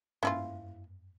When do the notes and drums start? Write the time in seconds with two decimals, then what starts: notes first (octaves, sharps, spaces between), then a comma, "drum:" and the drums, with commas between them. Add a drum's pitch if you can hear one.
0.23 C#4 E4 F4, drum: tom G2